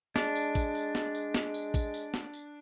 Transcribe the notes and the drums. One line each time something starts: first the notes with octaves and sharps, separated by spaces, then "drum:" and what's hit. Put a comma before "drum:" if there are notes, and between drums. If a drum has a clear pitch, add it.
G#3 D4, drum: snare
drum: tambourine
drum: kick A1, tambourine
drum: tambourine
drum: snare
drum: tambourine
drum: snare
drum: tambourine
drum: kick A1, tambourine
drum: tambourine
drum: snare
drum: tambourine